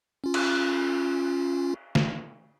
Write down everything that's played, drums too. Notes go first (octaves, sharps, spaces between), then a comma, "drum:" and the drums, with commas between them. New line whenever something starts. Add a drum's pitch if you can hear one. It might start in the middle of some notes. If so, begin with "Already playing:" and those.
C#4 F4
drum: cymbal
drum: snare